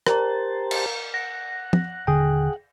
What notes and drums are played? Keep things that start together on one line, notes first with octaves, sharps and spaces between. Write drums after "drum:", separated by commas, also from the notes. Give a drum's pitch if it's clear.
G4 A#4 C5 A5 A#5, drum: rim click
drum: cymbal
F#5 A#6
drum: tom
D#1 D3 G#4 G5